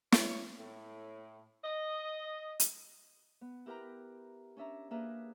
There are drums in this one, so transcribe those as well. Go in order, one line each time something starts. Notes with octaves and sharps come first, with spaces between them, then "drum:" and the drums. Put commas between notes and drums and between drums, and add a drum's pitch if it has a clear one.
C#5, drum: snare
A2
D#5
drum: hi-hat
B3
E4 G4 A#4 B4 G5 A#5
C#4 D4 E5 A#5
A#3 D4 G#4 B4 E5 A#5